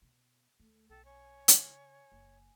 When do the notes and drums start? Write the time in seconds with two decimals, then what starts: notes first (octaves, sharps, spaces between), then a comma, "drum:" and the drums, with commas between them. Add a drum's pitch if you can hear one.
0.02 B2
0.60 D2 A3 A4
0.89 B1 A4 G5
1.05 C#5 G#5
1.48 C#3, drum: hi-hat
2.12 F#1